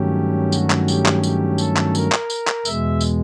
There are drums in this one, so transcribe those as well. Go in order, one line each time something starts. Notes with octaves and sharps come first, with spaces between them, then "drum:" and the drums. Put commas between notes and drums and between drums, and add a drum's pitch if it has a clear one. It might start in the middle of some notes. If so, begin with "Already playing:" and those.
Already playing: G2 D#3 F#3 A3 C#4 G4
F#4, drum: tambourine
drum: clap
G4, drum: tambourine
drum: clap
G4, drum: tambourine
A4, drum: tambourine
drum: clap
A#4, drum: tambourine
drum: clap
drum: tambourine
drum: clap
E2 B2 G#3 E5, drum: tambourine
drum: tambourine